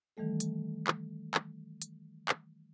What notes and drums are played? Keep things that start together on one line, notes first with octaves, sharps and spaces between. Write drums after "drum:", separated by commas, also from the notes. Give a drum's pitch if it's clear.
D#3 E3 G3 A3 A4
drum: hi-hat
drum: clap
drum: clap
drum: hi-hat
drum: clap